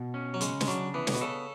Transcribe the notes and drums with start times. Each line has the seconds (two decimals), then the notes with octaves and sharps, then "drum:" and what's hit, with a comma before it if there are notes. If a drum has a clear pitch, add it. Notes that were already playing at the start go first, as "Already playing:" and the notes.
Already playing: B2
0.14 C#4
0.34 F#3
0.41 C#3 G#3, drum: hi-hat
0.61 G#3, drum: snare
0.67 F#3 D4
0.94 E3 B3
1.07 A2, drum: snare
1.14 B2
1.21 C#3 A4